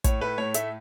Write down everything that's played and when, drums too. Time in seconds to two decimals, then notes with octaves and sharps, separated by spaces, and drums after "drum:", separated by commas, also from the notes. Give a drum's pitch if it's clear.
0.04 A2 C#5, drum: kick, hi-hat
0.21 A3 B4
0.38 A2 C#5
0.54 A3 E5, drum: hi-hat